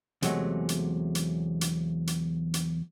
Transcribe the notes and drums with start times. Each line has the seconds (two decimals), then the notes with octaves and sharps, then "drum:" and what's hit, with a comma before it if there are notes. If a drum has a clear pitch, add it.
0.22 E2 C3 F#3 G#3 A3, drum: hi-hat
0.69 drum: hi-hat
1.15 drum: hi-hat
1.61 drum: hi-hat
2.07 drum: hi-hat
2.54 drum: hi-hat